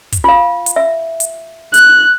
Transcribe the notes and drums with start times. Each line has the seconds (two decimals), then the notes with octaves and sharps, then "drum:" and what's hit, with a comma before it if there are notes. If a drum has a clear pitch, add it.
0.12 drum: kick, hi-hat
0.24 F4 F5
0.66 drum: hi-hat
0.76 E5
1.20 drum: hi-hat
1.74 F#6, drum: hi-hat